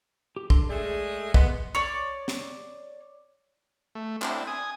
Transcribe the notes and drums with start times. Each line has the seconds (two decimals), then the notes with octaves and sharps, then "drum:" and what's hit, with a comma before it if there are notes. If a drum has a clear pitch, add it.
0.36 G4
0.50 D4 A4 C6, drum: kick
0.69 G#3 A3 G#4 D5
1.34 B3 D#5 C6, drum: kick
1.75 C#5 D5
2.28 drum: snare
3.95 A3
4.22 C4 D4 E4, drum: clap
4.47 G#5 D#6